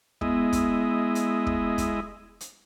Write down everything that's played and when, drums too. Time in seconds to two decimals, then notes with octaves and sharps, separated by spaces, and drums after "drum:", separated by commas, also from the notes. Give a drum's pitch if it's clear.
0.21 G#3 B3 E4 D#5, drum: kick
0.53 drum: kick, hi-hat
1.15 drum: hi-hat
1.47 drum: kick
1.78 drum: kick, hi-hat
2.41 drum: hi-hat